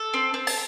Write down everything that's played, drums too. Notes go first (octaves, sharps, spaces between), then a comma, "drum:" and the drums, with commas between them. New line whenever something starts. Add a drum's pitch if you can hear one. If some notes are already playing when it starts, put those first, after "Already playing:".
Already playing: A4
C4
C4
A5, drum: open hi-hat